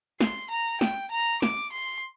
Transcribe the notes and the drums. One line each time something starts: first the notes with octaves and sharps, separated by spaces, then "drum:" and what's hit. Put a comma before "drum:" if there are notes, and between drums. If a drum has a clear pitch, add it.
C6, drum: snare
A#5
G5, drum: snare
A#5
D6, drum: snare
C6